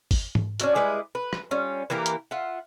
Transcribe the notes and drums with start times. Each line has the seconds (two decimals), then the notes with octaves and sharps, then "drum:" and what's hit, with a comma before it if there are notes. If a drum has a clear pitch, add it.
0.11 drum: kick, open hi-hat
0.35 drum: tom G#2
0.60 C#4 D4 E4 F#4, drum: hi-hat
0.75 G3 G#3 E4 B4
1.15 B4
1.33 drum: rim click
1.51 G3 C#4 F4
1.90 E3 A#3 G4 A#4
2.06 drum: hi-hat
2.31 F4 E5 F#5